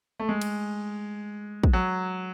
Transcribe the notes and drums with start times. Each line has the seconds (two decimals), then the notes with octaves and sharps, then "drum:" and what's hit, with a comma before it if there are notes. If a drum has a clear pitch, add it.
0.20 A3
0.29 G#3
0.41 drum: cymbal
1.64 drum: kick
1.73 F#3